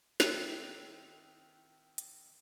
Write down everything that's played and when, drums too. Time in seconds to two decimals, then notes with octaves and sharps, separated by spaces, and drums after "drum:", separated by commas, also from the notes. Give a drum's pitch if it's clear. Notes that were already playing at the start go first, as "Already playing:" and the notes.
0.20 D#3 C4 D#4 E4, drum: snare
1.98 drum: hi-hat